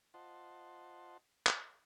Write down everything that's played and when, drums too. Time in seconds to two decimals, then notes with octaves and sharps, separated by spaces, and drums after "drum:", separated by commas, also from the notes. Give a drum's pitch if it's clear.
0.14 F4 C5 D#5 F#5 A5 C6
1.47 drum: clap